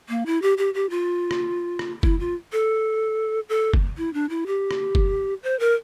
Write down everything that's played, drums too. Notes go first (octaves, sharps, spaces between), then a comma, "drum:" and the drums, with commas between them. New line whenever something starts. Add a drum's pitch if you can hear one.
A#3
E4
G4
G4
G4
F4
drum: rim click
drum: rim click
E4, drum: kick F#1
F4
A4
A4
drum: kick F#1
E4
D4
E4
G4
drum: rim click
drum: kick F#1
C5
A#4